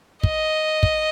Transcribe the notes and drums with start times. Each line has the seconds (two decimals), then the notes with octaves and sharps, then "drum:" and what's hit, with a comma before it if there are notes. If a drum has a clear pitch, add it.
0.23 D#5, drum: kick
0.83 drum: kick